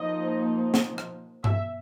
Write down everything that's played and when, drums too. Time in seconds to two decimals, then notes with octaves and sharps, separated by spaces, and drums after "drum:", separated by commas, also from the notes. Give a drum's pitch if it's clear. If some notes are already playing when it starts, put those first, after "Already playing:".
Already playing: F3 A#3 D#4 D#5
0.74 drum: snare
0.98 drum: rim click
1.44 E5, drum: tom G2